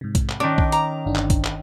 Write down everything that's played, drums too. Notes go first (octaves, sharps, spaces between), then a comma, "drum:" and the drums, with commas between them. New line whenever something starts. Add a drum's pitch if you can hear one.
G#2 C3
drum: kick A#1, hi-hat
drum: clap
D#3 C#4 D4 D6
drum: kick A#1
A#5, drum: hi-hat
G1 D4 D#4
drum: clap
drum: kick A#1, hi-hat
drum: clap